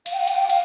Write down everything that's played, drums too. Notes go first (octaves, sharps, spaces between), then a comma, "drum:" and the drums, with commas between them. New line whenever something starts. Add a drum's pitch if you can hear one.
F5, drum: cymbal
G5
F5
G5, drum: cymbal
F5
G5
F5, drum: cymbal